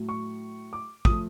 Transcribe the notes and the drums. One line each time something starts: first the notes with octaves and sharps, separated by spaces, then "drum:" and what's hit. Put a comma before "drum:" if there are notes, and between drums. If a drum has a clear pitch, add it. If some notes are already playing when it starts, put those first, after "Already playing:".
Already playing: A2 F#3 A3
C#6
D6
F3 A3 D#6, drum: kick